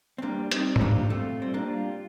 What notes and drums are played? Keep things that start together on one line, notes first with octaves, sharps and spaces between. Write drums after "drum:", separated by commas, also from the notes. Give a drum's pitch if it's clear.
C4
G3 A#3 D4
G3 C4 D#4, drum: hi-hat
C4, drum: tom G#2
A#3 D4 F4
A3 C4 F4
G3 C4
A#3 D4
F4